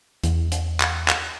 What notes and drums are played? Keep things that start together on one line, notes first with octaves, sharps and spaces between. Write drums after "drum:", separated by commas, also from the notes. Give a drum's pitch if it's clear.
E2, drum: hi-hat
drum: hi-hat
drum: clap
drum: clap